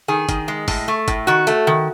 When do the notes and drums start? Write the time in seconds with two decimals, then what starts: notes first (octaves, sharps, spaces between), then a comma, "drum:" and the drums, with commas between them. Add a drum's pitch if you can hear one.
0.08 D#3 G#4
0.29 D#3, drum: kick, hi-hat
0.48 G#3
0.68 A2, drum: kick, open hi-hat
0.88 A3
1.08 A2, drum: kick, hi-hat
1.27 D#3 F#4
1.47 A3, drum: hi-hat
1.67 D#3